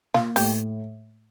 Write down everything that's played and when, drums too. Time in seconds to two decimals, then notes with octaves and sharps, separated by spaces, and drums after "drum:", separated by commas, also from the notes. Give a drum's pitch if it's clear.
0.14 A#3 F4, drum: snare
0.36 A2 G4, drum: open hi-hat